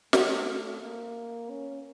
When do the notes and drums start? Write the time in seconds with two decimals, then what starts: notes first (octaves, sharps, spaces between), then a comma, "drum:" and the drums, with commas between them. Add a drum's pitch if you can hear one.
0.13 A3, drum: snare
0.81 A#3
1.50 C#4